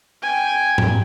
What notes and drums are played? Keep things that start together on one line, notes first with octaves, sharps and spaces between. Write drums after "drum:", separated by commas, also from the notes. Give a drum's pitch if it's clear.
G5 G#5
drum: tom G#2